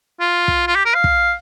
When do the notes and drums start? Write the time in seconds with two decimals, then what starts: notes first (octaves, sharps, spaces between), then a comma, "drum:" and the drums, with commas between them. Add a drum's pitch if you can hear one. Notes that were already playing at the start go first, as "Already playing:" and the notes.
0.20 F4
0.48 drum: kick
0.67 F4
0.75 G4
0.85 A#4
0.94 F5
1.04 drum: kick